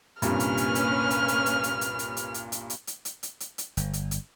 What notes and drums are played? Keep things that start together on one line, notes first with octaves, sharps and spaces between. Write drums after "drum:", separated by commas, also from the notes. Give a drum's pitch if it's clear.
C2 G2 A#2 A#3 C#4 B4 F6, drum: hi-hat
drum: hi-hat
drum: hi-hat
drum: hi-hat
drum: hi-hat
drum: hi-hat
drum: hi-hat
drum: hi-hat
drum: hi-hat
drum: hi-hat
drum: hi-hat
drum: hi-hat
drum: hi-hat
drum: hi-hat
drum: hi-hat
drum: hi-hat
drum: hi-hat
drum: hi-hat
drum: hi-hat
G1, drum: hi-hat
drum: hi-hat
drum: hi-hat